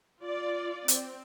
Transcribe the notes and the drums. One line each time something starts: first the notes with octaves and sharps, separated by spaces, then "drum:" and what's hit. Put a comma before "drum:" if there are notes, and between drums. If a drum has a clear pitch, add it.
F4 D5
C4, drum: hi-hat